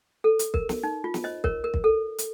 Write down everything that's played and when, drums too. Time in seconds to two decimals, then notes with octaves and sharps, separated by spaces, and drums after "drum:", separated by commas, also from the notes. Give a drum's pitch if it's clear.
0.24 A4
0.39 drum: hi-hat
0.54 A#4, drum: kick
0.69 drum: snare
0.83 D#4
1.04 F4
1.14 drum: snare
1.24 C5 D#5
1.44 A#4 C#5, drum: kick
1.64 A#4
1.74 drum: kick
1.84 A4
2.18 drum: hi-hat